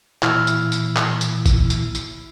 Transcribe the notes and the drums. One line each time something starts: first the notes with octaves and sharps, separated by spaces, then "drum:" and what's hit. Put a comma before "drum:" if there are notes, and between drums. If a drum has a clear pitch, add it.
A#2 E3 E4 E6 F6, drum: clap
drum: tambourine
drum: tambourine
drum: clap
drum: tambourine
drum: kick, tambourine
drum: tambourine
drum: tambourine